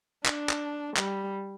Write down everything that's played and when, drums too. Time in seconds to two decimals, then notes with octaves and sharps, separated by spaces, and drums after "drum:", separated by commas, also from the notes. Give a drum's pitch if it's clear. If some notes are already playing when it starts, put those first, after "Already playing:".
0.26 D4, drum: clap
0.49 drum: clap
0.97 G3, drum: clap